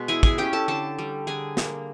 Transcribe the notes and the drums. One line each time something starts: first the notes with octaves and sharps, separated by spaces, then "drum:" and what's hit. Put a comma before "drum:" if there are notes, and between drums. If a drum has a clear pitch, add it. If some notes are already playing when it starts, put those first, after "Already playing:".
Already playing: B2 G#3
E4 G#4 G#5
G#4 G#5, drum: kick
C#4 G4 G5
A4 A5
D3 A4 A5
G3
D3 G#4 G#5
A#3, drum: snare